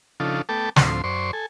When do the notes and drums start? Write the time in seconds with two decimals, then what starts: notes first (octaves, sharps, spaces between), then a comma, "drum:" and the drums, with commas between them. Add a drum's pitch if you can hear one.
0.20 C#3 F3 D4 D#4 F4 A4
0.49 A3 B3 A4 G5 A5 D6
0.76 D2 A2 F3 C4 C6, drum: snare
1.04 F#2 C5 D5 C6 C#6
1.33 A4 G#5